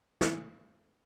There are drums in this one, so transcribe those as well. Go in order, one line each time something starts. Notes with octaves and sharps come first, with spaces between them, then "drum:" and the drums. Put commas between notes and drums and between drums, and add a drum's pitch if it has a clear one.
E3, drum: snare